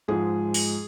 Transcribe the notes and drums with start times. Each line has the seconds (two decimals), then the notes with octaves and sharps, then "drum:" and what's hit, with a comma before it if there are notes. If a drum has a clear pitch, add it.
0.08 G#2 F3 G#3 G#4
0.54 drum: open hi-hat